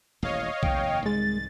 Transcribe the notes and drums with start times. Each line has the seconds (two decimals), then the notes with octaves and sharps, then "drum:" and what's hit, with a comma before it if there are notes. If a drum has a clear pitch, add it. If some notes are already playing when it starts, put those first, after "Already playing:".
0.22 D#1 A1 E2 C#5 D#5 F5
0.63 F1 D#2 G5, drum: kick B1
1.06 C2 G#2 D#3 G#3 A6